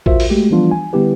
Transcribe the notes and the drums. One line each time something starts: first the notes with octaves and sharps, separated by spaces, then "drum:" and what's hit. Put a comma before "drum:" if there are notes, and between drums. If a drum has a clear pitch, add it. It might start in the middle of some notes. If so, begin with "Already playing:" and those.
F4 F#4 A#4 C5 E5, drum: kick A1
drum: open hi-hat
G#3 A3 F#4 G4
E3 F3 G3 B3 D4 F4
G#5
D3 G3 B3 E4 G4 B4